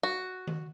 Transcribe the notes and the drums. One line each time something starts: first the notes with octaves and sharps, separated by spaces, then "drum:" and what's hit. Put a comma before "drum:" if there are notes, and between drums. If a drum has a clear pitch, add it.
F#4
drum: tom D#3